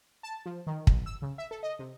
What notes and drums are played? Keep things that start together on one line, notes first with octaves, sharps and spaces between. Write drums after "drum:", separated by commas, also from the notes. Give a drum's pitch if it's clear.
A5
F3
D#3
B1, drum: kick
E6
C#3
E5
A4
D#5
C3